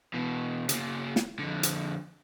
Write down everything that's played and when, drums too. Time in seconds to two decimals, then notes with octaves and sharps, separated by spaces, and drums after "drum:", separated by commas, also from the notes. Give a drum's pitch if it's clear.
0.14 B2 E3
0.69 C#3 A#3, drum: hi-hat
1.16 drum: snare
1.39 F2 D3
1.63 drum: hi-hat